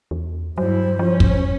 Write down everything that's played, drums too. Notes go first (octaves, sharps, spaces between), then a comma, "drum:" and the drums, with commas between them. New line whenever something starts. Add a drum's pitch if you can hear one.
E2
G2 F#3 G3 E4 C5
F3 C#4
drum: kick